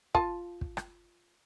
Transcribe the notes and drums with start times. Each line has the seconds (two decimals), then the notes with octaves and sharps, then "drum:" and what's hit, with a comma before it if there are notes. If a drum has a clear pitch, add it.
0.15 F4 A5, drum: kick
0.61 drum: kick
0.77 drum: rim click